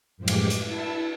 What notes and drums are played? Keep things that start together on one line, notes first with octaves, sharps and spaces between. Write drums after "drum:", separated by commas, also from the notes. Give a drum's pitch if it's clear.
F#2 A2 F3 G#3 G4 D6
drum: cymbal
drum: hi-hat
E4 A5 E6